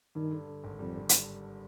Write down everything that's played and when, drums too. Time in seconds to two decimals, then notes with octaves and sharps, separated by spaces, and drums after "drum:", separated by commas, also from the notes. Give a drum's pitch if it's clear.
0.15 G2 D#3
0.31 D3
0.47 D3
0.64 G#1
0.79 F2 G3
0.95 D3
1.09 drum: hi-hat